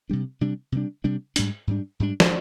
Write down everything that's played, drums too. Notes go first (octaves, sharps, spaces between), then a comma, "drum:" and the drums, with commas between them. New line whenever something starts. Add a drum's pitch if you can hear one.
C3 G3 D4
C3 G3 D4
C3 G3 D4
C3 G3 D4
G#2 G3 D4, drum: hi-hat
G#2 G3 D4
G#2 G3 D4
drum: snare